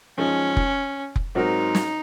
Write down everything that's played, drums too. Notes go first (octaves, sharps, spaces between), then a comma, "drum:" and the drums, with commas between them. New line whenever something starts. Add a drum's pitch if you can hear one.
F#2 F3 G#3 C#4 D#4
drum: kick F1
drum: kick F1
G#2 F#3 C4 D#4 F#4 A#4
drum: snare